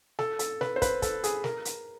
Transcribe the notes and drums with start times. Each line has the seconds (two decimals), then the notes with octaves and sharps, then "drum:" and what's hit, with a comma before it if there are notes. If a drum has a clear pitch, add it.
0.19 A4, drum: snare
0.39 A4, drum: hi-hat
0.61 B4, drum: snare
0.76 C5
0.82 B4, drum: kick, hi-hat
1.02 A4, drum: kick, hi-hat
1.24 G#4, drum: hi-hat
1.44 A#4, drum: snare
1.65 drum: hi-hat